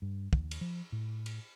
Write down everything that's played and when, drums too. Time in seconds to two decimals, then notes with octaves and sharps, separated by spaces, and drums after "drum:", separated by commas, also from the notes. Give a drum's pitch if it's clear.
0.02 G2
0.33 D#2, drum: kick
0.51 drum: cymbal
0.61 F3
0.92 A2
1.26 drum: cymbal